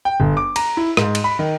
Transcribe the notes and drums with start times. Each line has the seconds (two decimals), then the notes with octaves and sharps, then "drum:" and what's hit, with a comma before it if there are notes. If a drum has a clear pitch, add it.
0.05 G5
0.20 G1
0.37 D6
0.56 A#5, drum: cymbal
0.77 E4
0.97 G#2, drum: rim click
1.15 drum: cymbal
1.24 B5
1.39 D#3